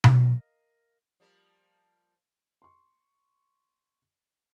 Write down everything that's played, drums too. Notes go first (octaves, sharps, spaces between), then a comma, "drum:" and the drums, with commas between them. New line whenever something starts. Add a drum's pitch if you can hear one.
drum: tom B2
A#4 D#5 F5
F3 G3 A#3
C6 C#6